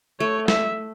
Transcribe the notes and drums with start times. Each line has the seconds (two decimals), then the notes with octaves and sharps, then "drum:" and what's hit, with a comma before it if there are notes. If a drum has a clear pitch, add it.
0.20 A3 C#5
0.48 E5, drum: snare